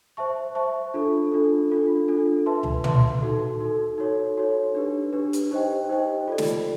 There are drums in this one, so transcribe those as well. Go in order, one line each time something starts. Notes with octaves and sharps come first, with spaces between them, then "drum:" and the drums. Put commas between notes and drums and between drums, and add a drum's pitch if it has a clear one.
C5 E5 A5 C#6
C5 E5 A5 C#6
D4 F4 A4
D4 F4 A4
D4 F4 A4
D4 F4 A4
B4 E5 A5 C6
drum: tom
B4 E5 A5 C6, drum: tom
D#4 F#4 A4
D#4 F#4 A4
D#4 F#4 A4 C#5
D#4 F#4 A4 C#5
D4 G4 B4
D4 G4 B4
drum: hi-hat
D#4 G4 C5 D#5 G5
D#4 G4 C5 D#5 G5
F4 A4 D5
drum: snare